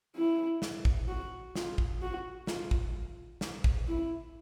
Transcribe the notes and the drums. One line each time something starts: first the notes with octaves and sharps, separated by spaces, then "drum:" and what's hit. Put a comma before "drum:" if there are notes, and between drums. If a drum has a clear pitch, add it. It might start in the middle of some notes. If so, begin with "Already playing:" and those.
E4
drum: snare
drum: kick
F#4
F4, drum: snare
drum: kick
F#4
F4, drum: snare
drum: kick
drum: snare
drum: kick
E4